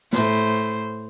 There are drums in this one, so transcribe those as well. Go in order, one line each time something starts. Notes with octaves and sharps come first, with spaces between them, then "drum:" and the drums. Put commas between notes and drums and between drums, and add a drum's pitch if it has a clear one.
A2 C5, drum: snare